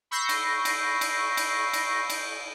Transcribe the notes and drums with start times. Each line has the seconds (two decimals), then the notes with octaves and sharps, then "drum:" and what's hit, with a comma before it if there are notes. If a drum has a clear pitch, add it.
0.11 B5 C#6 E6 G6 A#6 C7
0.29 drum: cymbal
0.65 drum: cymbal
1.01 drum: cymbal
1.37 drum: cymbal
1.73 drum: cymbal
2.10 drum: cymbal